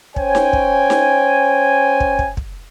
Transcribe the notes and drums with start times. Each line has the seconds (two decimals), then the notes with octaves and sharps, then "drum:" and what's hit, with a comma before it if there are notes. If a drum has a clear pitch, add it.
0.16 C#4 C5 C#5 G5 G#5, drum: kick
0.35 drum: snare D#4
0.53 drum: kick
0.90 drum: snare D#4
2.00 drum: kick
2.19 drum: kick
2.37 drum: kick